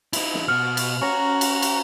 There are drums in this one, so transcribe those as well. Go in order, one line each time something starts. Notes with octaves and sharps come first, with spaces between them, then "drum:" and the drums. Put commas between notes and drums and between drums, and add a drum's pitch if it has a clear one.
D#4 E4, drum: cymbal
drum: snare
B2 F#4 F6
drum: cymbal
C#4 F#4 A#5
drum: cymbal
drum: cymbal